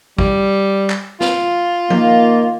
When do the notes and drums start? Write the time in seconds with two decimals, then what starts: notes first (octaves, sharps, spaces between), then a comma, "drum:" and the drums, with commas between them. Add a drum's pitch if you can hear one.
0.18 G3, drum: kick
0.90 drum: clap
1.20 F4, drum: snare
1.90 D#3 A#3, drum: tom F3